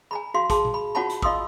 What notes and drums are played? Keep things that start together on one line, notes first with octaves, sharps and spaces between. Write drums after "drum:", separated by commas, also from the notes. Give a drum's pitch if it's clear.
G#5 A#5 B5
F#4 F5 C6
G#4 A5 C6, drum: kick, hi-hat
drum: tom A#2
B5
F4 F#4 C#5 F#5 A5 B5
drum: hi-hat
F4 D#5 F5 C6 D#6 E6, drum: kick